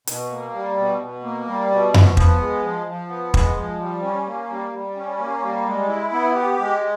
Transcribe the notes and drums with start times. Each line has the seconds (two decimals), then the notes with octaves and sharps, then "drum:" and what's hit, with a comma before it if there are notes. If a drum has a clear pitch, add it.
0.07 B2, drum: hi-hat
0.31 A#3
0.54 G3
0.77 B2
1.01 B2
1.23 A#3
1.48 G3
1.71 B2
1.94 F3, drum: tom F2
2.17 B3, drum: kick
2.40 G#3
2.63 F3
2.86 F3
3.09 B3
3.34 G#3, drum: kick
3.57 F3
3.80 G3
4.03 C#4
4.26 A#3
4.50 G3
4.73 G3
4.96 C#4
5.19 A#3
5.42 G3
5.66 G#3
5.88 E4
6.12 B3
6.35 G4
6.59 G#3